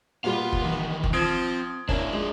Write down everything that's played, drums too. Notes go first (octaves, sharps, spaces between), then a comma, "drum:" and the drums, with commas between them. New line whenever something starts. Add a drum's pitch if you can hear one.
A#2 G3 A#3 B3 F4 F5
drum: kick F#1
D#3 E3 A#4
drum: kick F#1
F3 C4 D#6 G#6 D7
A#3 C#4 D4 E4, drum: kick F#1
A#2 G#3